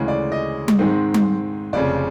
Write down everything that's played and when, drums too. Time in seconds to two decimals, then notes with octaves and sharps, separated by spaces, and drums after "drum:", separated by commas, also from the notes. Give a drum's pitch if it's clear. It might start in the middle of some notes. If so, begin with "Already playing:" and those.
Already playing: D2 C#3 E3 G#3
0.08 D5
0.32 D#5
0.68 drum: tom G3
0.79 G#2 D#3 G#3 C4 D#4
1.14 drum: tom G3
1.73 F1 F2 C#3 D5